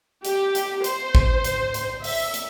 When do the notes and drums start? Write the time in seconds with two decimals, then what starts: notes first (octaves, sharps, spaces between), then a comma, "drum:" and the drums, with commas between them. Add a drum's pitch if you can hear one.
0.25 G4, drum: hi-hat
0.55 drum: hi-hat
0.84 C5, drum: hi-hat
1.15 drum: kick G#1
1.44 drum: hi-hat
1.74 drum: hi-hat
2.04 E5, drum: open hi-hat
2.34 drum: hi-hat